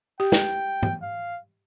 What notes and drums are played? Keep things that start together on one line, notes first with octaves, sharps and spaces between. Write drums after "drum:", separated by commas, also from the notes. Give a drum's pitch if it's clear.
G4 G5
drum: snare
drum: tom
F5